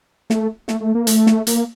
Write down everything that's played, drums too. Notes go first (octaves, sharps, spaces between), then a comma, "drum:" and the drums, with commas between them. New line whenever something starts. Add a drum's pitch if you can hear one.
A3, drum: snare
A3, drum: snare
A3
A#3
A3, drum: hi-hat
drum: snare
A#3, drum: hi-hat